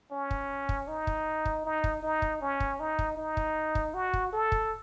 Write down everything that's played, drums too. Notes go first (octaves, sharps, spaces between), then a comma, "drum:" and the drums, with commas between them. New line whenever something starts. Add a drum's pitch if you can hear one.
C#4
drum: kick
drum: kick
D#4
drum: kick
drum: kick
D#4
drum: kick
D#4
drum: kick
C#4
drum: kick
D#4
drum: kick
D#4
drum: kick
drum: kick
F#4
drum: kick
A4
drum: kick